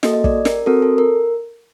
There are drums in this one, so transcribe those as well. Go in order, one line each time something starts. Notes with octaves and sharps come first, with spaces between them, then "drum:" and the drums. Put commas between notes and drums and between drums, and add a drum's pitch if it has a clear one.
A#3 F#4 A4 D#5, drum: snare
D#5
D5, drum: kick
A#4, drum: snare
C4 F#4 A4 A#4
A4
A#4